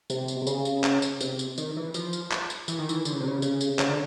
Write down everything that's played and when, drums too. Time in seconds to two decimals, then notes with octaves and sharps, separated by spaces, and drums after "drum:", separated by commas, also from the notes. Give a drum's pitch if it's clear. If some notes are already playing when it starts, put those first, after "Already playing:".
0.10 C3, drum: tambourine
0.28 drum: tambourine
0.42 C3
0.47 C#3, drum: tambourine
0.65 drum: tambourine
0.84 drum: clap
1.02 drum: tambourine
1.21 C3, drum: tambourine
1.39 drum: tambourine
1.58 D#3, drum: tambourine
1.76 E3
1.94 F3, drum: tambourine
2.13 drum: tambourine
2.31 drum: clap
2.50 drum: tambourine
2.68 E3, drum: tambourine
2.79 D#3
2.89 E3, drum: tambourine
3.05 D3, drum: tambourine
3.12 C#3
3.20 C3
3.28 C#3
3.42 C#3, drum: tambourine
3.61 drum: tambourine
3.79 C#3, drum: clap
3.89 D3